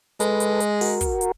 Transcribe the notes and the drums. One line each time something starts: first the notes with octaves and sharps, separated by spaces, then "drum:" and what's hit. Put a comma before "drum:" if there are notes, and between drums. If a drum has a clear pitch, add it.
G#3 A4 B4, drum: hi-hat
drum: hi-hat
drum: hi-hat
F#4 A#4, drum: open hi-hat
drum: kick, hi-hat
drum: hi-hat